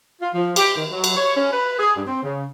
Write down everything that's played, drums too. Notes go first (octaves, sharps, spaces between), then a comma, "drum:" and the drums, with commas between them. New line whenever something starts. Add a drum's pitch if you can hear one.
F4
F3
G4, drum: cymbal
D#3
F#3
drum: cymbal
C#5
C#4
B4
G#4
G2
C4
C#3